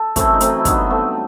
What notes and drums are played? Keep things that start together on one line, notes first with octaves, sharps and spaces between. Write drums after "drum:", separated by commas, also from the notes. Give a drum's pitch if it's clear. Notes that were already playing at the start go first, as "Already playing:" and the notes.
Already playing: A4
F#2 E3 A3 C4, drum: kick, hi-hat
D#4
A3 C4, drum: hi-hat
E4
G2 F#3 B3 D#4, drum: kick, hi-hat
A3 B3 C4